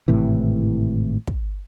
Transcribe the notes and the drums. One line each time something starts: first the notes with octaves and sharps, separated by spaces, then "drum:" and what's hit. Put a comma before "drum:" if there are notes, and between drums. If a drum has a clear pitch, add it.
G#1 A2 C3 E3
drum: kick